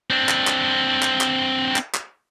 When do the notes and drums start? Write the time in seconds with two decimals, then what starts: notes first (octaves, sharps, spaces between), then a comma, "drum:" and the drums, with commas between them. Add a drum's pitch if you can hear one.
0.10 C4 D4
0.29 drum: clap
0.47 drum: clap
1.02 drum: clap
1.21 drum: clap
1.76 drum: clap
1.94 drum: clap